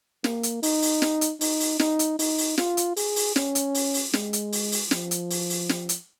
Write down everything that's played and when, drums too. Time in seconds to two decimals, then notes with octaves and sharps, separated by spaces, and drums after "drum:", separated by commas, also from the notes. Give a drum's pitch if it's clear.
0.24 A#3, drum: snare
0.43 drum: hi-hat
0.63 D#4, drum: open hi-hat
0.82 drum: open hi-hat
1.02 drum: snare
1.21 drum: hi-hat
1.41 D#4, drum: open hi-hat
1.60 drum: open hi-hat
1.79 D#4, drum: snare
1.99 drum: hi-hat
2.19 D#4, drum: open hi-hat
2.38 drum: open hi-hat
2.58 F4, drum: snare
2.77 drum: hi-hat
2.96 G#4, drum: open hi-hat
3.16 drum: open hi-hat
3.36 C#4, drum: snare
3.55 drum: hi-hat
3.75 drum: open hi-hat
3.94 drum: open hi-hat
4.13 G#3, drum: snare
4.33 drum: hi-hat
4.52 drum: open hi-hat
4.72 drum: open hi-hat
4.91 F3, drum: snare
5.11 drum: hi-hat
5.30 drum: open hi-hat
5.50 drum: open hi-hat
5.69 drum: snare
5.89 drum: hi-hat